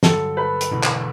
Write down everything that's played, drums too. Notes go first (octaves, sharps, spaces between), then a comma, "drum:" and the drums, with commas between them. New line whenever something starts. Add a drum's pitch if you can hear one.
G2 D3 F#3 A4, drum: snare
B4
drum: hi-hat
E1 E2 D3
drum: clap